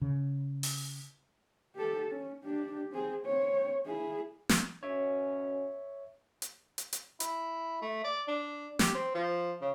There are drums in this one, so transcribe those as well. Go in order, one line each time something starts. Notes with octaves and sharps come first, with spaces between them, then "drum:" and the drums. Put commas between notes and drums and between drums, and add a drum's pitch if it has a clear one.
C#3
drum: open hi-hat
G4 A4
C#4
D4 G4
C4 G#4
C4 C#5
E4 G#4
drum: snare
B2 C#4 C#5 E5
drum: hi-hat
drum: hi-hat
drum: hi-hat
E4, drum: hi-hat
A3
D5
D4
G4, drum: snare
C4
F3
C#3